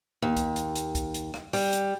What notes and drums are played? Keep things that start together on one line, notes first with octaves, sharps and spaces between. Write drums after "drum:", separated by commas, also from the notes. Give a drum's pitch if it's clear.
D#2
drum: kick, hi-hat
drum: hi-hat
drum: hi-hat
drum: kick, hi-hat
drum: hi-hat
drum: rim click
G3, drum: open hi-hat
drum: hi-hat